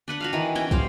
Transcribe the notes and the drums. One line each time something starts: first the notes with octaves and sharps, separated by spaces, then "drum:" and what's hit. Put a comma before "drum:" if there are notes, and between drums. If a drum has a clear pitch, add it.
D4 B4 F#5
F#4 B4 F5
D#3 E3
C#4 F#4 C#5 G5
G3 C5 F5, drum: kick